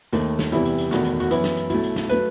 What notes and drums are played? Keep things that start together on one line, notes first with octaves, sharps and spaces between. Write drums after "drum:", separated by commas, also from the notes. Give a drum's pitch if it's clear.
D#2 D#3 A3, drum: hi-hat
drum: snare
E2 C3 E3 G3 E4, drum: hi-hat
drum: hi-hat
drum: hi-hat
E1 E2 D#3 A3 F#4, drum: snare
drum: hi-hat
F#4, drum: hi-hat
F#2 E3 B3 E4, drum: hi-hat
drum: snare
drum: hi-hat
B1 B2 A3 E4, drum: hi-hat
drum: hi-hat
drum: snare
F#3 A3 B4, drum: hi-hat